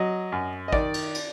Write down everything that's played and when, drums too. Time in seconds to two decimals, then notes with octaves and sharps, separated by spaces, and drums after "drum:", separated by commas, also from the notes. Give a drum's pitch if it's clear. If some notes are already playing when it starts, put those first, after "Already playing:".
Already playing: F#3 D#5
0.32 F#2
0.68 D#5
0.73 D#3 D5, drum: kick
0.94 drum: cymbal
1.15 drum: cymbal